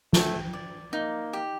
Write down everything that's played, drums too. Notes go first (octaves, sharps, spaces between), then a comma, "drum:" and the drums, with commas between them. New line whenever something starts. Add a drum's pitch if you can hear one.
A3 G5, drum: snare
D5
A#3 D#4
G4